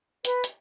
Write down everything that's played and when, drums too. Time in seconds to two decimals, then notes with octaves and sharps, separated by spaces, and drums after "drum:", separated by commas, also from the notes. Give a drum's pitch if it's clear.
0.25 B4, drum: hi-hat
0.44 drum: hi-hat